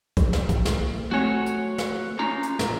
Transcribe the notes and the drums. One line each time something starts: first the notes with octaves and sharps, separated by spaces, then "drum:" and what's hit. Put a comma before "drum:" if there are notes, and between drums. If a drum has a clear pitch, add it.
drum: kick, hi-hat
drum: snare
drum: kick, hi-hat
drum: snare
A3 C4 F#4 C#5 G#5
drum: hi-hat
drum: snare
C#4 F4 A#5
drum: hi-hat
A#2, drum: snare